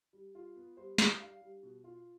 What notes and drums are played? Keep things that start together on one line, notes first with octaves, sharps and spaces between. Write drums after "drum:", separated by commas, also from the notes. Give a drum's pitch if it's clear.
G3
F4
B3
G3 C5
G3 D5, drum: snare
D4 F5
G3
B2
F4